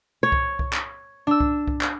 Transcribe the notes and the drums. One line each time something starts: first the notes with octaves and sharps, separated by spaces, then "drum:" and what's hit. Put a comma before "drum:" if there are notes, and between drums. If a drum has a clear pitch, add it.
C#5
drum: kick C2
drum: kick C2
drum: clap
D4 E6
drum: kick C2
drum: kick C2
drum: clap